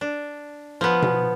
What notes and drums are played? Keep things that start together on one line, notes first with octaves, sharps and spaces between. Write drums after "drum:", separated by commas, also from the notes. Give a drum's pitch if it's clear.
D4
F3 B3
drum: tom B2